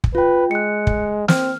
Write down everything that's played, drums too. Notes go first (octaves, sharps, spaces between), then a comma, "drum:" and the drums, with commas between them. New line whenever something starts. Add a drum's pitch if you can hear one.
drum: kick
F4 B4 G5
G#3 F#6 C#7
drum: kick
C4 F6, drum: snare